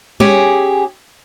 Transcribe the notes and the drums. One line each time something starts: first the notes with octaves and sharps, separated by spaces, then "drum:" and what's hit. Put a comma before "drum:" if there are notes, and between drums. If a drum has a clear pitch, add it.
C#4 G4 G#4, drum: tom G3